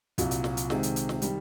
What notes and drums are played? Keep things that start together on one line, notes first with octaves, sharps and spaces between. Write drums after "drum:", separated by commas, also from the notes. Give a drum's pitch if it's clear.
C2 A#2 F#3, drum: hi-hat
drum: hi-hat
drum: snare
drum: hi-hat
C3 D#3 G#3, drum: snare
drum: hi-hat
drum: hi-hat
drum: snare
D#3 G3, drum: hi-hat